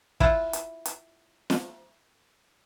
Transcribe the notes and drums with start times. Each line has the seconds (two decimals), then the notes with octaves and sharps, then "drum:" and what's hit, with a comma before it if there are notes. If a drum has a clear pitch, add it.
0.20 E4 F4 F#5, drum: kick
0.53 drum: hi-hat
0.86 drum: hi-hat
1.50 drum: snare